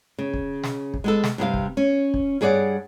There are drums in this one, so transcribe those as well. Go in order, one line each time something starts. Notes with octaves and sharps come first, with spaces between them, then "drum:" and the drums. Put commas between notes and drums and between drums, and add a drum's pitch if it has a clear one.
C#3
drum: kick
drum: snare
drum: kick
G#3 B3 A4
drum: snare
G2 C3 G#4 F5
drum: kick
C#4
drum: kick
G2 G#4 C#5 D5 F#5